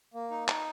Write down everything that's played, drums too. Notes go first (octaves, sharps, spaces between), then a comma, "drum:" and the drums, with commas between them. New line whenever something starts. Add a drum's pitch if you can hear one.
A#3
D#4
D#4, drum: clap